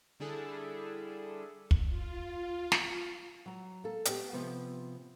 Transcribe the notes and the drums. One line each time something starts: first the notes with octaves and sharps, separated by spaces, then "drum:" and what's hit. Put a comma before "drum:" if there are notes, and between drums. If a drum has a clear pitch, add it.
D3 G3 D4 E4 G#4 A4
drum: kick
F4
drum: snare
F#3 A#5
A#3 A4
A3 B3 G4, drum: hi-hat
C3 F3 B3